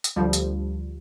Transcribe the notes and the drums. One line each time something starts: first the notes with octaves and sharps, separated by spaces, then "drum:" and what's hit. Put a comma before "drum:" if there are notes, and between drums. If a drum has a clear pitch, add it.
drum: hi-hat
D2 F3 G3
drum: hi-hat